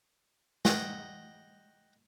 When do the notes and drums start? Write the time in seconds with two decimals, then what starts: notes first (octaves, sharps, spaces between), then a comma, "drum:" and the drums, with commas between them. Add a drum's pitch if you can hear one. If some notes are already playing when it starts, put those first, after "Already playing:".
0.65 D#5 F#5 G5, drum: snare